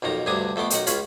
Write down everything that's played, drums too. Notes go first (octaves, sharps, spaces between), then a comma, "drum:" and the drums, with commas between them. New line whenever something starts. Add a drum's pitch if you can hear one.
B1 F2 D#3 A#5
D2 G2 C3 D4 G#5 D#6
F2 A3 B3 C6 D6
B1 D#3 D#4 F#5, drum: hi-hat
C#2 C#4 F4 B5, drum: hi-hat